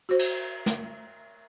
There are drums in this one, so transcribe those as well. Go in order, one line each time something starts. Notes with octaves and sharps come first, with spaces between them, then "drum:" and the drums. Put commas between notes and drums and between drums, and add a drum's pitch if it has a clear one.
F#4 C5
drum: cymbal
drum: snare